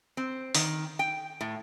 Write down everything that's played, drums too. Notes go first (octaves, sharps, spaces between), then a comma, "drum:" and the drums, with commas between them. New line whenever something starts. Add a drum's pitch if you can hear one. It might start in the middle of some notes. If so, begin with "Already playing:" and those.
C4
D#3, drum: open hi-hat
G5
A2